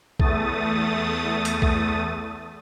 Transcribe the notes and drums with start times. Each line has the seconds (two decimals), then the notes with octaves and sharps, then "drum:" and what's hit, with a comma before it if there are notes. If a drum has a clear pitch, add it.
0.20 E2 A3 D#6 A6, drum: kick
1.45 drum: hi-hat
1.62 drum: kick